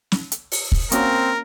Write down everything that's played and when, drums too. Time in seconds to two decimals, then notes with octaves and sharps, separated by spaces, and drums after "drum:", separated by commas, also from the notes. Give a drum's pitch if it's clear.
0.12 drum: snare
0.32 drum: hi-hat
0.52 drum: open hi-hat
0.72 drum: kick
0.92 A#3 C4 C#4 F#4 A#4, drum: hi-hat